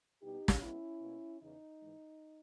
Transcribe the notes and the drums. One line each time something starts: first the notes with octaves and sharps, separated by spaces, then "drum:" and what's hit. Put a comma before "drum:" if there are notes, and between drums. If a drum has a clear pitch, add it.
B2 G3 B3 D#4 G4
drum: snare
B2 G#3 B3 C#4 E4
B2 A#3
E2 C#3 E3 D#4
G#2 E3 G#3